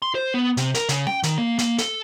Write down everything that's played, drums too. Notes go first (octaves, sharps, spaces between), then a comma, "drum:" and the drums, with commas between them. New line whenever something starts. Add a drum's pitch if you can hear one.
C6
C5
B3
C3, drum: hi-hat
A#4, drum: hi-hat
C#3, drum: hi-hat
G5, drum: snare C#4
D#3, drum: hi-hat
A#3
A#3, drum: hi-hat
A4, drum: hi-hat